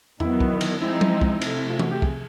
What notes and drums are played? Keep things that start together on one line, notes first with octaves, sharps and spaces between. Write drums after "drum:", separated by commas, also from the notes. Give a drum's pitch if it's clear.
D#3 F#3 B3 E4, drum: tom E2
drum: kick
drum: cymbal
F3 G#3 C4 D#4 E4
drum: tom F#3
drum: kick
C3 F3 A3, drum: cymbal
E4
F4
F#4, drum: tom E3
G4
G#4, drum: kick